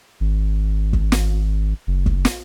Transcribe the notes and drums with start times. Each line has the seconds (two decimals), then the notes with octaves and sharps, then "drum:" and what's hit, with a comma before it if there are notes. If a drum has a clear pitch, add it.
0.20 G#1
0.93 drum: kick
1.12 drum: snare
1.87 F#1
2.06 drum: kick
2.25 drum: snare